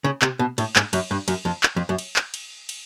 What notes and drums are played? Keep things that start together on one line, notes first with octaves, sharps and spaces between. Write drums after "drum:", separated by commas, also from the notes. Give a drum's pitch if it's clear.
C#3
C3, drum: clap
B2
A2, drum: cymbal
G#2, drum: clap
F#2, drum: cymbal
G2
F#2, drum: cymbal
F2
drum: clap
F2
F#2
drum: cymbal
drum: clap
drum: cymbal
drum: cymbal